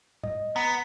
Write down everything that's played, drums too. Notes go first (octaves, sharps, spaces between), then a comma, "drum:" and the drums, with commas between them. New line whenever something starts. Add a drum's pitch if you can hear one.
D#5, drum: tom A2
B3 A#5